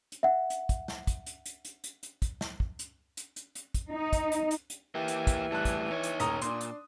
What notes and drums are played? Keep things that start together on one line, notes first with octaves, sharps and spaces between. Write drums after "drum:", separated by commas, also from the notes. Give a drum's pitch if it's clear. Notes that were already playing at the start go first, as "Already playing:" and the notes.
drum: hi-hat
E5 F#5
drum: hi-hat
drum: kick, hi-hat
drum: snare
drum: kick, hi-hat
drum: hi-hat
drum: hi-hat
drum: hi-hat
drum: hi-hat
drum: hi-hat
drum: kick, hi-hat
drum: snare
drum: kick
drum: hi-hat
drum: hi-hat
drum: hi-hat
drum: hi-hat
drum: kick, hi-hat
D#4
drum: kick, hi-hat
drum: hi-hat
drum: hi-hat
drum: hi-hat
E3 A#3 G4
drum: hi-hat
drum: kick, hi-hat
A2 G3 A5 F#6
drum: kick, hi-hat
D#4 C#5
drum: hi-hat
D#1 A#5 D#6, drum: hi-hat
A#2 D4 C6, drum: hi-hat
drum: hi-hat